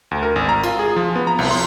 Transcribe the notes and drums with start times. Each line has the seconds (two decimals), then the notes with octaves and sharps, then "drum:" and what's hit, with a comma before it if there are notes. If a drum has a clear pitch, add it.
0.11 D2
0.23 A#4
0.36 G#1
0.49 A#5
0.64 F4, drum: cymbal
0.79 G#4
0.96 F3
1.16 B3
1.27 A#5
1.39 C2, drum: cymbal
1.51 C6